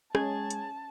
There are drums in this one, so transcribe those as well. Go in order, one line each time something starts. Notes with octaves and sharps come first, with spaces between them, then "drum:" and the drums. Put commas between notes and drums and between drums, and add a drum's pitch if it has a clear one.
G#3 C#4 G#4 C#5 A5 G#6, drum: rim click
drum: hi-hat